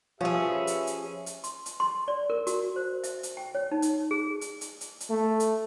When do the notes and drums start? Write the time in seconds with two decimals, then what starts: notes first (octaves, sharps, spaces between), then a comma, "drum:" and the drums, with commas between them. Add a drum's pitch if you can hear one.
0.21 F3 C#4 G4 G#4 B4 E5
0.67 drum: hi-hat
0.87 drum: hi-hat
1.26 drum: hi-hat
1.44 C6, drum: hi-hat
1.66 drum: hi-hat
1.80 C6
2.08 D5
2.30 A#4
2.47 F#4, drum: hi-hat
2.76 C5
3.04 E5, drum: hi-hat
3.23 drum: hi-hat
3.37 G5
3.55 C#5
3.71 D#4
3.82 drum: hi-hat
4.11 G#4
4.41 drum: hi-hat
4.61 drum: hi-hat
4.81 drum: hi-hat
5.00 drum: hi-hat
5.10 A3
5.40 drum: hi-hat